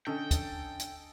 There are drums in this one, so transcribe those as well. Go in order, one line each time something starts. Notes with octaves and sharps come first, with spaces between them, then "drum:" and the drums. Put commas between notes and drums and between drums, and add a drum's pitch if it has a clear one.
D3 C#4 A4 D#5 G5 G#5
drum: kick, hi-hat
drum: hi-hat